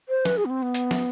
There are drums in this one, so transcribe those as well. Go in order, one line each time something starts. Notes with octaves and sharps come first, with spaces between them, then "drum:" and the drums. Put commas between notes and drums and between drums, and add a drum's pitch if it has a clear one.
C5
B4, drum: snare
G#4
B3
C4
B3
drum: hi-hat
drum: snare